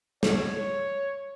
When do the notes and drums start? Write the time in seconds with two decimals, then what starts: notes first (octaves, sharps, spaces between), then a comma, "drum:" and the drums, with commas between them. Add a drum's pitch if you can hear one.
0.23 C#5, drum: snare